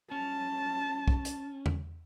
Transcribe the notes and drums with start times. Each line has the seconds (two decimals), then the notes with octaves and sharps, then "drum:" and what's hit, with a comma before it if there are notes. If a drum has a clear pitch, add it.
0.11 C#4 A5
1.08 drum: kick
1.25 drum: hi-hat
1.66 drum: tom E2